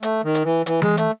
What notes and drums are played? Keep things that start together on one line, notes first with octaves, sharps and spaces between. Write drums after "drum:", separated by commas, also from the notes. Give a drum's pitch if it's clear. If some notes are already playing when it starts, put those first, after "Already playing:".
A3, drum: hi-hat
D#3
drum: hi-hat
E3
E3, drum: hi-hat
G#3, drum: tom E3
A3, drum: hi-hat